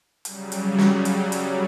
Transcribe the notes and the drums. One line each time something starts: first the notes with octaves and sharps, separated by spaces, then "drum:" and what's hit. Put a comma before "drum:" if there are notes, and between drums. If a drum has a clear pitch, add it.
C#3 F#3 G3, drum: hi-hat
drum: hi-hat
drum: snare
drum: hi-hat
drum: hi-hat